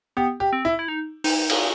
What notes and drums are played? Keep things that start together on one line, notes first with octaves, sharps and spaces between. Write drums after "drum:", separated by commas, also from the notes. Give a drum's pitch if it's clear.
B3 G4
G4
C4
E4
E4
D#4
D#4, drum: open hi-hat
drum: cymbal